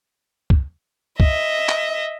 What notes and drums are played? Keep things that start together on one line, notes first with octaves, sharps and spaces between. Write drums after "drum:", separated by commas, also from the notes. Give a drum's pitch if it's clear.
drum: kick
D#5 E5, drum: kick
drum: clap